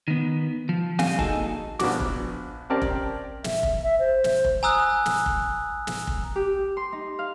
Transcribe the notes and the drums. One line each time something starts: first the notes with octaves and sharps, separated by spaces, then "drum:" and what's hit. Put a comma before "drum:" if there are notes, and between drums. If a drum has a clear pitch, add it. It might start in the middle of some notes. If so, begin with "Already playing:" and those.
D#3 B3
F3
A#2 D3 G3 C4 F5 G#5, drum: snare
A#3 D#4 F#4 G#4 A4, drum: kick F1
A#1 B3 F#4 D6, drum: snare
drum: kick F1
C4 C#4 G4 A#4 D5 A5
drum: kick F1
E5, drum: snare
drum: kick F1
E5
C5
drum: snare
drum: kick F1
G#5 A#5 D#6 E6 F#6
drum: snare
drum: kick F1
drum: snare
drum: kick F1
G4
C6
D#4
F5